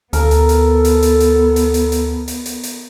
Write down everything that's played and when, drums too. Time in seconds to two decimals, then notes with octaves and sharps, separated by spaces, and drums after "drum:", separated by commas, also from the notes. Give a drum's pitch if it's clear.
0.13 D2 B3 A4 A#4, drum: hi-hat
0.31 drum: hi-hat
0.49 drum: hi-hat
0.85 drum: hi-hat
1.02 drum: hi-hat
1.20 drum: hi-hat
1.56 drum: hi-hat
1.74 drum: hi-hat
1.92 drum: hi-hat
2.28 drum: hi-hat
2.46 drum: hi-hat
2.63 drum: hi-hat